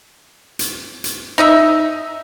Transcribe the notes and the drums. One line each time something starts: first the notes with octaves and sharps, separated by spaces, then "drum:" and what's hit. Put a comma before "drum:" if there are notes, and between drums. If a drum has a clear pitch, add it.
drum: hi-hat
drum: hi-hat
D#4 D#5 E5, drum: rim click